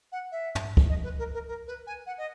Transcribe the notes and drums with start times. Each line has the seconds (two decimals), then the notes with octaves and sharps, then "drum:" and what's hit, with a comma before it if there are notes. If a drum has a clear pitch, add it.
0.12 F#5
0.31 E5
0.55 drum: tom
0.77 drum: kick
0.89 D#5
1.03 B4
1.18 A#4
1.33 A#4
1.48 A#4
1.67 B4
1.87 G#5
2.06 F#5
2.18 D#5